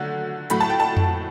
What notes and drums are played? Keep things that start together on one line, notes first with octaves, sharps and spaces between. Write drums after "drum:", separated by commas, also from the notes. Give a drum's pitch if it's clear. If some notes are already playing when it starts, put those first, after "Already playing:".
Already playing: D3 F#3 A3
A2 F#3 A3 B5, drum: hi-hat
A5
G5
A5
drum: tom F2